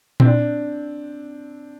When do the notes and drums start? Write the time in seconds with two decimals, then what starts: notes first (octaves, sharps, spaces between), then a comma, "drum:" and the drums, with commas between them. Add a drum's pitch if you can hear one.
0.20 C4, drum: tom A#2
0.25 D4